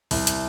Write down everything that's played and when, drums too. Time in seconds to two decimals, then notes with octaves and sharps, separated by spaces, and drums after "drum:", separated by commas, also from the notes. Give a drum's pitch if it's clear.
0.11 C2, drum: open hi-hat
0.27 drum: hi-hat